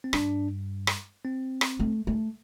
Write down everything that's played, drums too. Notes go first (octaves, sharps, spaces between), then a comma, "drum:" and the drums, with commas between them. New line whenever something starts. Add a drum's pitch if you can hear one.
C4
G2 D4, drum: rim click
drum: rim click
C4
drum: rim click
A3
A3